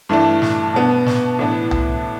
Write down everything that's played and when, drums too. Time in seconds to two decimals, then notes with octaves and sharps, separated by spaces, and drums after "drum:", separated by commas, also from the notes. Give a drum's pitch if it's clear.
0.09 G2 E3 A3 D4
0.42 drum: snare
0.74 B2 B3 D4
1.06 drum: snare
1.39 A2 E3 B3 D4
1.71 drum: tom C2